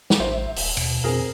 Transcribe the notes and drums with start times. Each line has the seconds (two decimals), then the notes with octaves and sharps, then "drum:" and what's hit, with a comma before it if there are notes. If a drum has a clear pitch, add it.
0.10 drum: snare
0.20 A1 C5 E5
0.56 D#1, drum: open hi-hat
0.77 D#2 B2, drum: cymbal
1.04 F2 C4 G#4 A#4